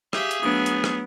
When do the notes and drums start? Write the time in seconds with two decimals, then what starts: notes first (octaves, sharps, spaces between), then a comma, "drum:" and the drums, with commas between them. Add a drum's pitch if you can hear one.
0.13 G4 G#4 E5 F5, drum: rim click
0.31 drum: hi-hat
0.43 F#3 A3 B3 D4 D#6
0.66 drum: hi-hat
0.84 drum: rim click